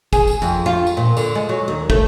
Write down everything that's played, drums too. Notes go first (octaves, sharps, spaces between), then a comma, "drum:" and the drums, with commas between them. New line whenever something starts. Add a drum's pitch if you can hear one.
G#4, drum: kick, tambourine
drum: tambourine
F2, drum: tambourine
F4
drum: tambourine
A#2
D3, drum: tambourine
G#3
F#3
D#2
A3, drum: kick